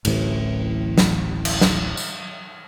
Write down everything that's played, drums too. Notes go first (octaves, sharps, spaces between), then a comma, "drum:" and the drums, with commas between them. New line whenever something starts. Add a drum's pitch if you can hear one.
D1 A1 A2 E3, drum: cymbal
drum: snare
drum: cymbal
drum: snare
drum: tambourine